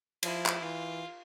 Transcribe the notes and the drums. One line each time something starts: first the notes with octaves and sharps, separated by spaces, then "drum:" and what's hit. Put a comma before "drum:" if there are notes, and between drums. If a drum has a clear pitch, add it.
F3 E4, drum: cymbal
drum: clap
E3 F4